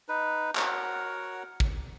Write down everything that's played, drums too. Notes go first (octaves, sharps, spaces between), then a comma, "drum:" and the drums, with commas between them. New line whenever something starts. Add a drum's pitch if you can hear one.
D#4 B4
F#4 A#4 C#5 F#5, drum: clap
drum: kick